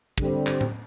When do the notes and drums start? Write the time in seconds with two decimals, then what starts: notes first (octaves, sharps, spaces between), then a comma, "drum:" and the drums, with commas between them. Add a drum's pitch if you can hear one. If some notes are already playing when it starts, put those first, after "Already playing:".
0.18 D3 G3 C4, drum: kick
0.46 drum: clap
0.61 drum: tom A2